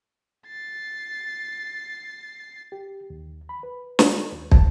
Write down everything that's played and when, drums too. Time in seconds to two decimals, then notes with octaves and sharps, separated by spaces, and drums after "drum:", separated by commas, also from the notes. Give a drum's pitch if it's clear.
0.48 A6 C7
2.72 G4
3.10 D#2
3.49 B5
3.63 B4
3.99 drum: snare
4.32 D#2
4.52 A5, drum: kick